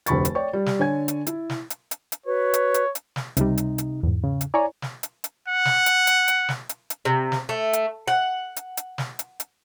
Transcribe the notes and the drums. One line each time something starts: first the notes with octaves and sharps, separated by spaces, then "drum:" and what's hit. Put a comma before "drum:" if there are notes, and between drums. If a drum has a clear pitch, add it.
F1 D2 B5 C#6 A6, drum: hi-hat
drum: hi-hat
C#5 D5 G5 C#6
G3
drum: snare
D3 C#5 G#5 G#6
drum: hi-hat
E4, drum: hi-hat
drum: snare
drum: hi-hat
drum: hi-hat
drum: hi-hat
F#4 B4 C#5
drum: hi-hat
drum: hi-hat
drum: hi-hat
drum: snare
C#2 C3 G3 D#4, drum: hi-hat
drum: hi-hat
drum: hi-hat
E2 G#2
C#3
drum: hi-hat
E4 C#5 D5 G#5 A#5
drum: snare
drum: hi-hat
drum: hi-hat
F#5
drum: snare
drum: hi-hat
drum: hi-hat
drum: hi-hat
drum: snare
drum: hi-hat
drum: hi-hat
C3
drum: snare
A3
drum: hi-hat
F#5
drum: hi-hat
drum: hi-hat
drum: snare
drum: hi-hat
drum: hi-hat